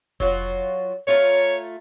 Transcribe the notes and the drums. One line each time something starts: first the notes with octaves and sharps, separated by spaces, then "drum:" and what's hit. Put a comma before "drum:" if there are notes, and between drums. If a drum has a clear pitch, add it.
F#3 F4 F#4, drum: kick F1
A3 F4 C#5 A#5